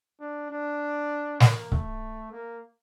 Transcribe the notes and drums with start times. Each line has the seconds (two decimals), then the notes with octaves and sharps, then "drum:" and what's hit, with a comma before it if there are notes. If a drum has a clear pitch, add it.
0.20 D4
0.50 D4
1.40 A#3, drum: snare
1.72 A3, drum: kick C#1
2.32 A#3